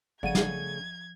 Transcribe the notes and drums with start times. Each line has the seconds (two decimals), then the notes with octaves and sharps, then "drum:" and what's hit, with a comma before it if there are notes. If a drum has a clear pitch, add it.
0.23 G1 C#3 F3 A3 D5 F#5 G#6 D#7
0.35 drum: snare